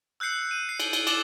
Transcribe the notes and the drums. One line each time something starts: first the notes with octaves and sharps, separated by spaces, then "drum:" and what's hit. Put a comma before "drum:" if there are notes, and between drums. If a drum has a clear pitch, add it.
E6 F#6 G6 C7 C#7
D#7
C7
drum: cymbal
drum: cymbal
D6 E6 A6 E7 F#7, drum: cymbal